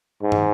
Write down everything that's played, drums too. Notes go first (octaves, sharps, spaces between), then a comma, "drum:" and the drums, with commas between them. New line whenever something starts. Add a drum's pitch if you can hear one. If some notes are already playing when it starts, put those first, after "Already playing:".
G#2
drum: tom